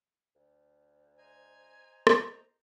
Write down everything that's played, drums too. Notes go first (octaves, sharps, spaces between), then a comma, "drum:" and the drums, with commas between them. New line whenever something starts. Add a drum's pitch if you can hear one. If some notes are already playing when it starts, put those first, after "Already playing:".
D2
C5 D#5 G#5 A#5
drum: rim click